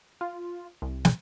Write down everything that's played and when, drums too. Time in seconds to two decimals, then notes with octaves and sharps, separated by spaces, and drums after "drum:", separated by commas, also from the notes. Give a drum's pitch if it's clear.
0.21 F4
0.82 C2
1.05 drum: snare